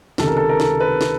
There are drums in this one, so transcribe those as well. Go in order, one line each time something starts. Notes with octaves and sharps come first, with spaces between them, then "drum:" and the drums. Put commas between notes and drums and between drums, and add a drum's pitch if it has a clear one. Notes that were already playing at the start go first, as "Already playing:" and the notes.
C#2 C3 D#3 A4, drum: snare
A#4
A4
A#4
drum: snare
B4
drum: snare